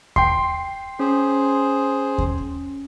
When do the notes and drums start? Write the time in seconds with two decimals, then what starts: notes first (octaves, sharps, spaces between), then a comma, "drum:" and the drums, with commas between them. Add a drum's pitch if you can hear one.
0.16 G5 C6 C7, drum: kick D#2
0.99 C#4 G#4 C5
2.18 drum: kick D#2